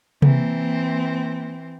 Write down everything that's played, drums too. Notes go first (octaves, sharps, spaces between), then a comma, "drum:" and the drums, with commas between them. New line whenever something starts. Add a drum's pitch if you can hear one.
E3 A#3 C4, drum: tom C3